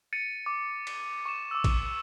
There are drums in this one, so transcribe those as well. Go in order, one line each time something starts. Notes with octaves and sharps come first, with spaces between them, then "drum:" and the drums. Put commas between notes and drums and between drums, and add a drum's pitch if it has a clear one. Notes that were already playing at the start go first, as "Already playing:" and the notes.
A6 C#7 D#7
D6
drum: cymbal
C#6 E7
D6 E6
drum: kick, cymbal